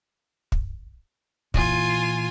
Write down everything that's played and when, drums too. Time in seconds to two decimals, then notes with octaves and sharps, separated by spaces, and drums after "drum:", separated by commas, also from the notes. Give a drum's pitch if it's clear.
0.52 drum: kick
1.54 A#2 E3 F4 G#5, drum: kick